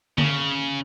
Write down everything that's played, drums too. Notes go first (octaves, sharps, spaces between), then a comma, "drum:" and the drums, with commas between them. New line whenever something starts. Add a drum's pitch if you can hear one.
C#3, drum: tom D3